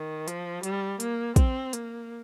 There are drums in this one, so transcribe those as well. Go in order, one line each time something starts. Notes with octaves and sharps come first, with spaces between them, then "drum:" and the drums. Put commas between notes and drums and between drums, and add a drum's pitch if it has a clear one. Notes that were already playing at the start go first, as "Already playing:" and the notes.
Already playing: D#3
F3, drum: hi-hat
G3, drum: hi-hat
A#3, drum: hi-hat
C4, drum: kick, hi-hat
A#3, drum: hi-hat